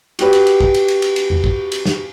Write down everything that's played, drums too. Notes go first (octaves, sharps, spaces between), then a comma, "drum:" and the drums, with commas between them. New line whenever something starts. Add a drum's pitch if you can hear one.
F#4 G4 B4, drum: cymbal
drum: cymbal
drum: cymbal
drum: kick
drum: cymbal
drum: cymbal
drum: cymbal
drum: cymbal
drum: tom E2
drum: kick
drum: cymbal
drum: snare